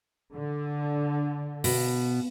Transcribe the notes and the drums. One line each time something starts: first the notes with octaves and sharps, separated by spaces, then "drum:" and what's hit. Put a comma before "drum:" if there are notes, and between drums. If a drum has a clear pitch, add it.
D3
B2, drum: open hi-hat